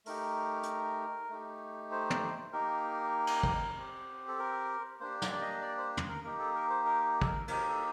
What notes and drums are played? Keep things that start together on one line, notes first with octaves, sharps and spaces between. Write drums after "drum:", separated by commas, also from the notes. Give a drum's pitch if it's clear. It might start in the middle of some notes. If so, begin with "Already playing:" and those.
A3 D#4 G4 A#4, drum: open hi-hat
drum: hi-hat
A3 D#4 G4
C5
drum: tom
A#3 D#4 G4 A#4
drum: cymbal
drum: kick
C4 G4
A4
A#4
A#3 D4 G4 C5
D5, drum: snare
D5
D#5
D5
C5
drum: tom
A#4
A#3 D#4 G4 A#4
A4
A#4
C5
A#4
A4, drum: kick
A#4
A#3 D#4 G4 A#4, drum: cymbal
A4